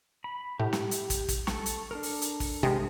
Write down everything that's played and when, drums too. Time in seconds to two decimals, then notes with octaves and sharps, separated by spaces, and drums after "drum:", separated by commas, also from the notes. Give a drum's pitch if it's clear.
0.24 B5
0.60 A2 G4
0.73 drum: snare
0.91 drum: hi-hat
1.10 drum: kick, hi-hat
1.28 drum: kick, hi-hat
1.47 A4 C#6, drum: snare
1.66 drum: hi-hat
1.91 D4 A4 A#4
2.03 drum: open hi-hat
2.22 drum: hi-hat
2.40 drum: kick, open hi-hat
2.63 G2 C3 G#3